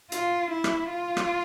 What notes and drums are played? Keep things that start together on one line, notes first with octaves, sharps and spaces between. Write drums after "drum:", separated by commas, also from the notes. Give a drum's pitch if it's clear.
F4, drum: hi-hat
E4
drum: rim click
F4
drum: rim click